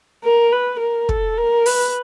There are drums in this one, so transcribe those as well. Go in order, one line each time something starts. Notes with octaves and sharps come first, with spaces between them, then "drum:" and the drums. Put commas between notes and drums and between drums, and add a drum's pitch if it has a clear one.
A#4
B4
A#4
A4, drum: kick
A#4
B4, drum: open hi-hat